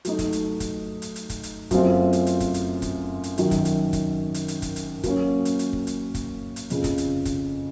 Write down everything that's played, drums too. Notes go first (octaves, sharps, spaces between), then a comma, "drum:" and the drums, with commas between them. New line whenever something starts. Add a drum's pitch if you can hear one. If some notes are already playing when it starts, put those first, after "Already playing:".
F#3 A3 D#4, drum: hi-hat
drum: kick, hi-hat
drum: hi-hat
drum: kick, hi-hat
drum: hi-hat
drum: hi-hat
drum: kick, hi-hat
drum: hi-hat
F#2 F3 A3 C4 F4, drum: kick, hi-hat
drum: hi-hat
drum: hi-hat
drum: kick, hi-hat
drum: hi-hat
drum: kick, hi-hat
drum: hi-hat
F#2 D#3 F#3, drum: hi-hat
drum: kick, hi-hat
drum: hi-hat
drum: kick, hi-hat
drum: hi-hat
drum: hi-hat
drum: kick, hi-hat
drum: hi-hat
F#3 A#3 C#4, drum: kick, hi-hat
drum: hi-hat
drum: hi-hat
drum: kick
drum: hi-hat
drum: kick, hi-hat
drum: hi-hat
F2 C#3 F3, drum: hi-hat
drum: kick, hi-hat
drum: hi-hat
drum: kick, hi-hat